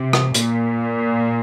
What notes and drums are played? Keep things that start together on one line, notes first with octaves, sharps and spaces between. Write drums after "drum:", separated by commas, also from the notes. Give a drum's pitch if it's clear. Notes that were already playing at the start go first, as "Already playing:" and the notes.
Already playing: C3
drum: rim click
A#2, drum: hi-hat